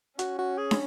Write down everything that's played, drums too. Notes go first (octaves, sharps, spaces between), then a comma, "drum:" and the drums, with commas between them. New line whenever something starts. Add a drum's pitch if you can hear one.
C#4 F#4, drum: hi-hat
F#4
G#4
drum: snare